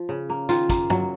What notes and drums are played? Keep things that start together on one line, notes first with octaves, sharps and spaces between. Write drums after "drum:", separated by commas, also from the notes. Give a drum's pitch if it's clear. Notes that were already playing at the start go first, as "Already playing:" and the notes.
Already playing: F3
C#3
A#3
D#3 F4, drum: hi-hat
A#3, drum: kick, hi-hat
F#3, drum: tom